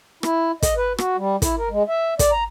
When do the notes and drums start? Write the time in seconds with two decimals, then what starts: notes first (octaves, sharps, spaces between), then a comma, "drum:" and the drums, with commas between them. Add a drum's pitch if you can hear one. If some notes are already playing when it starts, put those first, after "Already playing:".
0.23 E4, drum: rim click
0.62 D#5, drum: kick, hi-hat
0.76 B4
0.98 F#4, drum: rim click
1.17 G3
1.42 E4, drum: kick, hi-hat
1.58 A#4
1.70 G#3
1.88 E5
2.19 D5, drum: kick, hi-hat
2.32 A#5